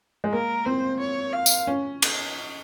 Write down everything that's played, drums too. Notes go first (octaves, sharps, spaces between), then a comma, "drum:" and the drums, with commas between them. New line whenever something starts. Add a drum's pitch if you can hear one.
G#3
A#3 A#4
C4 C5
C#5
F5
drum: tambourine
C#4
drum: cymbal